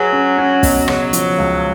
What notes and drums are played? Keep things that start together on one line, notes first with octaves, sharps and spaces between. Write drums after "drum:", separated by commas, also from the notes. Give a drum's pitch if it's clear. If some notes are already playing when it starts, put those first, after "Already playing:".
Already playing: F#3 G#4 B4
C#4
C#4
B2, drum: kick, open hi-hat
C#3 F#3, drum: rim click
F3, drum: hi-hat
C#2